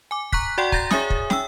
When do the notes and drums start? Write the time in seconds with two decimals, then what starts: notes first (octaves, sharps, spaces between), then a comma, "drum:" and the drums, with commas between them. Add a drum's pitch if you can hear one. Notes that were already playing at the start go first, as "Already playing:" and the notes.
0.11 G#5 D6
0.32 A#5 C#6 F#6 B6, drum: kick
0.58 F#4 D5 F#5 G5 C6
0.72 A#5 G6 A6 A#6, drum: kick
0.91 G#4 C#5 E5 G#5 D#6, drum: snare
1.10 drum: kick
1.30 G5 E6, drum: snare